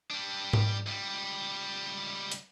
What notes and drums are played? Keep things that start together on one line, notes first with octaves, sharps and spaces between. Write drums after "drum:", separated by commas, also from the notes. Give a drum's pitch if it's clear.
G3 D4
drum: tom G#2
C#2 G3
drum: hi-hat